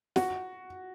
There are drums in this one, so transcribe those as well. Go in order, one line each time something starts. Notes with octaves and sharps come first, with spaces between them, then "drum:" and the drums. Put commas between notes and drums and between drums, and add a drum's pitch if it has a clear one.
F#4, drum: snare